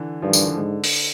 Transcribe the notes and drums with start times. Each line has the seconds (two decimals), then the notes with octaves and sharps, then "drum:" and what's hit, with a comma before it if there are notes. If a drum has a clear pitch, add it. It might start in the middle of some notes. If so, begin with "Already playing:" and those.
Already playing: D3 E3
0.22 G2 D#3 F3
0.33 D3 E3, drum: tambourine
0.45 D3
0.56 G#2
0.84 drum: open hi-hat